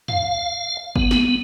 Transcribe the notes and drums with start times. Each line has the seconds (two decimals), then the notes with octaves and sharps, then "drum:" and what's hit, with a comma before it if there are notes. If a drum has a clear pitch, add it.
0.08 F5, drum: tom
0.96 B3, drum: kick G1
1.11 drum: snare